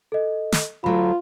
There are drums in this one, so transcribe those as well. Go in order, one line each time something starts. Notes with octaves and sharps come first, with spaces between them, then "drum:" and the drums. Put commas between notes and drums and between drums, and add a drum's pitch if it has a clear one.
A4 D#5
drum: snare
D2 F#3 A3 F4 B5